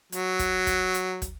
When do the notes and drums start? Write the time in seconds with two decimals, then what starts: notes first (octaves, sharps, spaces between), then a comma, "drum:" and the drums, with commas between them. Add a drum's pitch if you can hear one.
0.12 F#3, drum: hi-hat
0.39 drum: kick, hi-hat
0.67 drum: kick, hi-hat
0.94 drum: hi-hat
1.22 drum: kick, hi-hat